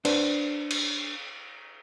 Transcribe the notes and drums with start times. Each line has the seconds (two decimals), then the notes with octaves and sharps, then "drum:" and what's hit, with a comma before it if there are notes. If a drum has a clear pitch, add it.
0.05 D4 B4 C5, drum: cymbal
0.71 drum: cymbal